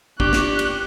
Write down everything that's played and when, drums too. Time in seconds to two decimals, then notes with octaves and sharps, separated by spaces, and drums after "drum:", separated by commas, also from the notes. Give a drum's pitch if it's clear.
0.20 D4 G4 C#6 F#6, drum: kick
0.33 drum: snare
0.59 drum: cymbal